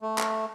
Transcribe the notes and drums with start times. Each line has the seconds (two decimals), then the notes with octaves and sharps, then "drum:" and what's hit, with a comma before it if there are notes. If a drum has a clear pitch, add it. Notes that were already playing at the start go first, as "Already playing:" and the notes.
0.02 A3
0.18 drum: clap